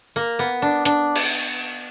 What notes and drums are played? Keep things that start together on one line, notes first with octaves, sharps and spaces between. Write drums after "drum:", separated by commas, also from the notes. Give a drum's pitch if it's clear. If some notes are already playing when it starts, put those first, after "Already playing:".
A#3
B3
D4
D4, drum: hi-hat
drum: cymbal